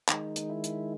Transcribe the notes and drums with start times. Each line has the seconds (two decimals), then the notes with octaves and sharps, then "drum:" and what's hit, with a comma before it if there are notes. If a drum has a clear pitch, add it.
0.08 D#3 G#3 D#4, drum: clap
0.36 drum: hi-hat
0.50 E4
0.64 drum: hi-hat